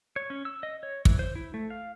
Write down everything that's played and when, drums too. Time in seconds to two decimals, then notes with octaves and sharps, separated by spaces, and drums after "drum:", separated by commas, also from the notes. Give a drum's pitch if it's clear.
0.16 C#5
0.30 C#4
0.45 E6
0.63 D#5
0.83 C#5
1.05 E3, drum: kick
1.19 C5
1.36 E4
1.54 A3
1.70 F5